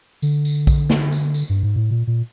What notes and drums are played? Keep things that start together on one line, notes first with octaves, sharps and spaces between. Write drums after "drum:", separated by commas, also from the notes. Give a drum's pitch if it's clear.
D3, drum: tambourine
drum: tambourine
drum: kick A#1, tambourine
drum: snare
drum: tambourine
drum: tambourine
G2
G#2
A2
A#2
A#2